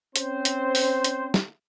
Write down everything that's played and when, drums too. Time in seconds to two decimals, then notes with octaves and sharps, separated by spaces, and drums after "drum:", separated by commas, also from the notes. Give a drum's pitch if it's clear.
0.16 C4 C#4 C5, drum: hi-hat
0.45 drum: hi-hat
0.75 drum: open hi-hat
1.04 drum: hi-hat
1.34 drum: snare